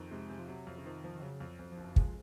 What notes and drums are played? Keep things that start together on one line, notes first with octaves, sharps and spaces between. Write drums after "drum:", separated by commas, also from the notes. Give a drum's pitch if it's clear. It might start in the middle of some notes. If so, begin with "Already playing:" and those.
Already playing: F2 D#3
C3 G#3
C3
F3
C3 F#3
F2
C#3
D#3 F3
F3
D#3
C#3 F#3
F2
F2
F3
F#1
F3 G#3, drum: kick